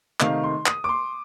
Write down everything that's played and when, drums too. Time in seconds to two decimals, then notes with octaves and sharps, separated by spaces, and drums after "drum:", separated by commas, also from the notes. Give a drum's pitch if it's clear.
0.20 C3 D#3 A3 D#4 F5, drum: clap
0.44 C6
0.66 D#6, drum: clap
0.84 D6
0.89 C6